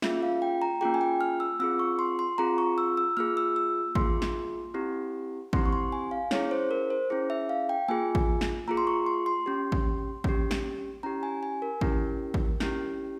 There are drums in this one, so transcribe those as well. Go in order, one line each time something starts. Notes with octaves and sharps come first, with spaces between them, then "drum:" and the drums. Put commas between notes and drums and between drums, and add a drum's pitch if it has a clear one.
A#3 C#4 F4 G#4 E5, drum: snare
F5
G5
A#5
A#3 C#4 F4 G#4 G5
G#5
G5
F6
E6
C4 F4 G#4 E6
C#6
C6
C6
C4 F4 G#4 A#5
C#6
E6
E6
A#3 F4 G#4 F6
E6
E6
A#3 F4 G#4 C6, drum: kick A1
drum: snare
C4 E4 G4
C4 E4 G4 C6, drum: kick A1
C#6
C6
G#5
F5
C#4 E4 G#4 C#5, drum: snare
C5
A#4
C5
C#4 E4 G#4
E5
F5
G5
A#3 F4 G#4 G#5
drum: kick A1
drum: snare
A#3 F4 G#4 A#5
C6
C#6
C6
C6
C#4 G4
drum: kick A1
C#4 G4, drum: kick A1
drum: snare
C#4 E4 G4 A#5
G#5
G#5
A#4
C#4 E4 G4, drum: kick A1
drum: kick A1
C#4 E4 G4, drum: snare